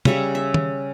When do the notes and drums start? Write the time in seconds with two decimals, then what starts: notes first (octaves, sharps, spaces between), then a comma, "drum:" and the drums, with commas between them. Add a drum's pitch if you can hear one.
0.05 C#3 G3 E5 C#6, drum: tom
0.35 E5
0.54 drum: tom